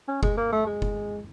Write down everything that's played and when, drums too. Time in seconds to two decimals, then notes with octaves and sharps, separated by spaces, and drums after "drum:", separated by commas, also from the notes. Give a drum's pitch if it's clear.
0.08 C#4
0.23 G#3, drum: kick F#1
0.37 A#3
0.52 A3
0.67 G#3
0.82 drum: kick F#1